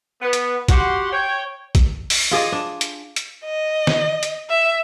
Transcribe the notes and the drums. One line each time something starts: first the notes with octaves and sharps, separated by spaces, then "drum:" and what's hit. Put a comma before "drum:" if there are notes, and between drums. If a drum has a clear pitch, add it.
B3
drum: hi-hat
F#4 G4 F#5 C6, drum: kick A#1, hi-hat
C#5 G5
drum: kick A#1, hi-hat
drum: open hi-hat
F4 G#4 D5 D#5
D4
drum: hi-hat
drum: hi-hat
D#5
drum: snare
drum: hi-hat
E5